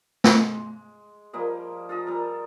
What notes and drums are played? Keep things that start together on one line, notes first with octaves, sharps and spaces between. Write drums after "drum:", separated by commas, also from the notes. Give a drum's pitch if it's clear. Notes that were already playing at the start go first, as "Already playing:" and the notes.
G#3, drum: snare
F3 G3 A#3 D#5
F4 A4 D#5
G3 A4 A#4